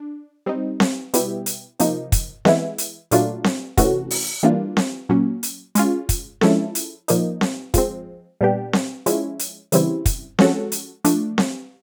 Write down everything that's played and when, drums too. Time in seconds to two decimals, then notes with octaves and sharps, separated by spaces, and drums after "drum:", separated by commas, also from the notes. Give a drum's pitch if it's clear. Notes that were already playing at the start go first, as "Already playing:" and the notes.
Already playing: D4
0.46 G3 C4 D#4
0.80 drum: snare C4
1.14 B2 G3 B3 E4 G4, drum: hi-hat
1.46 drum: hi-hat
1.79 C3 F3 A#3 D#4, drum: hi-hat
2.12 drum: kick, hi-hat
2.45 E3 G#3 B3 E4, drum: snare C4
2.78 drum: hi-hat
3.11 A#2 F#3 A3 D4 F4, drum: hi-hat
3.44 drum: snare C4
3.77 C3 E3 A3 C#4 F#4, drum: kick, hi-hat
4.10 drum: open hi-hat
4.43 E3 G3 A#3 D4 F4
4.77 drum: snare C4
5.09 A#2 F#3 A#3 C#4
5.43 drum: hi-hat
5.75 G#3 C#4 F4, drum: hi-hat
6.09 drum: kick, hi-hat
6.41 F3 G#3 C#4 E4 A4, drum: snare C4
6.75 drum: hi-hat
7.08 A#2 F3 A#3 D#4, drum: hi-hat
7.41 drum: snare C4
7.74 F3 G#3 C4, drum: kick, hi-hat
8.41 A#2 G3 B3 D4 G4
8.73 drum: snare C4
9.06 F3 G#3 C#4 E4, drum: hi-hat
9.39 drum: hi-hat
9.72 C#3 E3 G3 C4 E4, drum: hi-hat
10.06 drum: kick, hi-hat
10.39 F3 G#3 C#4 F#4 A4, drum: snare C4
10.72 drum: hi-hat
11.05 F3 A3 D4, drum: hi-hat
11.38 drum: snare C4